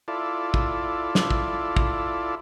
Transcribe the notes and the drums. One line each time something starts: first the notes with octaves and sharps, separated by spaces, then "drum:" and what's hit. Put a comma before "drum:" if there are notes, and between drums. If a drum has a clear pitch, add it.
E4 F4 A4 D5
drum: kick
drum: snare
drum: kick
drum: kick